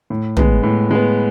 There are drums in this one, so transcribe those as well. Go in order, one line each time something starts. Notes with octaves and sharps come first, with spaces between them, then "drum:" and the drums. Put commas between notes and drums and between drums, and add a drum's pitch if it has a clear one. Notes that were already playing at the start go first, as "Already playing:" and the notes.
A2
G#3 B3, drum: tom
A2
G#3 B3